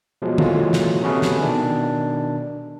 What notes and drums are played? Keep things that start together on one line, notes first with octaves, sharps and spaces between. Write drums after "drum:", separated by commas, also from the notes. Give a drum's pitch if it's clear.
B2 F3 F#3 G#3
A#2 E3 F#3 G#3 A3 F4, drum: tom
drum: snare
C3 A3 C#4 F#4 G#4 B4
drum: snare
B2 D#3 D4